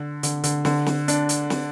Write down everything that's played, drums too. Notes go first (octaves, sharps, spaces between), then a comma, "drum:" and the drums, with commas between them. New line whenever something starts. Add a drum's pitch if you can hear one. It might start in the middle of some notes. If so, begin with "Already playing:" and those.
Already playing: D3
D3, drum: hi-hat
D3, drum: hi-hat
D3, drum: snare
drum: snare
D4, drum: hi-hat
drum: hi-hat
drum: snare